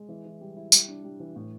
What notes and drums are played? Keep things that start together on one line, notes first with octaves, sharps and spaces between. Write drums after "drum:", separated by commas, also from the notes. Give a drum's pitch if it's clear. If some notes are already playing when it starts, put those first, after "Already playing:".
Already playing: G#3
E3
E3
G3
E4
G3, drum: tambourine
D4
G3
E3
A2